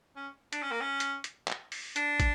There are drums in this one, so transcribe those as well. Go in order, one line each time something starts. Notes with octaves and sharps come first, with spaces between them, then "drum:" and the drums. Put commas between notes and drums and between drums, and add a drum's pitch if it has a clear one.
C#4
D4, drum: hi-hat
C#4
A#3
C#4
drum: hi-hat
drum: hi-hat
drum: clap
drum: open hi-hat
D4, drum: hi-hat
drum: kick, hi-hat